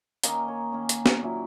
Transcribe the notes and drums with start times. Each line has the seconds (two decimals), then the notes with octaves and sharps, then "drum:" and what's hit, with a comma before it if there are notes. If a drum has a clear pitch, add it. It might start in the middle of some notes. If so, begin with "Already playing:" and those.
0.24 D#3 A#3 C#4 D#5, drum: hi-hat
0.48 C#5
0.72 D#3 A#3 C#4
0.89 drum: hi-hat
1.06 drum: snare
1.22 A#2 F#3 C#4 E4